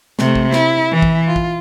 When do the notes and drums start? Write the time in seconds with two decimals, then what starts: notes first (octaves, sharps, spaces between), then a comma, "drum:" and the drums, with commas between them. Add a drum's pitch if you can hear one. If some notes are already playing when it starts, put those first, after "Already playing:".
0.19 C3 A3, drum: snare
0.35 drum: kick
0.53 E4, drum: snare
0.91 E3
1.02 drum: kick
1.27 F4
1.36 drum: kick